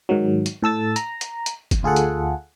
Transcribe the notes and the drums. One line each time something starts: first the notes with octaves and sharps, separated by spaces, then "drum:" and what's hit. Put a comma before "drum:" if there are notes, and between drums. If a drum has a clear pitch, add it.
G#2 D#3 F#3
drum: hi-hat
A2 A4 E6 A6
A#5, drum: hi-hat
drum: hi-hat
drum: hi-hat
drum: kick, hi-hat
D2 F4 G#4 A4 F#5
drum: hi-hat